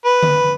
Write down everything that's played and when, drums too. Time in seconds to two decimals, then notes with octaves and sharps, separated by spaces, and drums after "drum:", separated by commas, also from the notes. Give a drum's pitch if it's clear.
0.05 B4
0.23 drum: tom D3